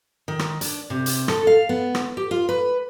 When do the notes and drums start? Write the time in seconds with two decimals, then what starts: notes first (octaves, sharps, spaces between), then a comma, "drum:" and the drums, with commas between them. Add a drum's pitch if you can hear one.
0.28 D#3
0.39 drum: rim click
0.61 D4, drum: hi-hat
0.90 C3
1.06 drum: hi-hat
1.28 A4, drum: rim click
1.47 F5
1.69 B3
1.95 drum: rim click
2.17 G4
2.31 F4
2.49 B4